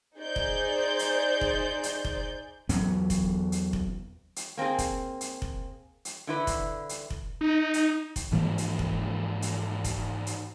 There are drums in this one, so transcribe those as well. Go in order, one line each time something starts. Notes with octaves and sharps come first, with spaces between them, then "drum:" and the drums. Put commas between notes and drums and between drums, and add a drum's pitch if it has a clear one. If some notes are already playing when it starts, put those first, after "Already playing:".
D#4 G#4 C5 D5 G6
drum: kick F1
drum: hi-hat
drum: kick F1
drum: hi-hat
drum: kick F1
E2 F#3 B3, drum: hi-hat
drum: kick F1, hi-hat
drum: hi-hat
drum: kick F1
drum: hi-hat
A#3 C4 D4 G#4
drum: kick F1, hi-hat
drum: hi-hat
drum: kick F1
drum: hi-hat
D3 E4 B4
drum: kick F1, hi-hat
drum: hi-hat
drum: kick F1
D#4
drum: hi-hat
drum: kick F1, hi-hat
G#2 E3 F3 A#3
drum: hi-hat
drum: kick F1
drum: hi-hat
drum: kick F1, hi-hat
drum: hi-hat